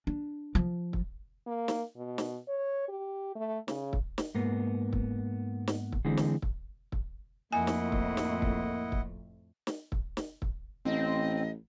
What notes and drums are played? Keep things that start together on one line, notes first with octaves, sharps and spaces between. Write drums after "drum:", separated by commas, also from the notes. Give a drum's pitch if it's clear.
D4
F3
drum: kick
A#3
drum: snare
B2
drum: snare
C#5
G4
A3
C#3, drum: snare
drum: kick
drum: snare
G#2 A#3 B3
drum: kick
drum: snare
drum: kick
D3 E3 G#3 C4
drum: snare
drum: kick
drum: kick
F2 A2 A3 A#3 E4 D#5 F#5 G#5
drum: snare
drum: kick
drum: snare
drum: kick
drum: kick
drum: snare
drum: kick
drum: snare
drum: kick
A1 C4 D#5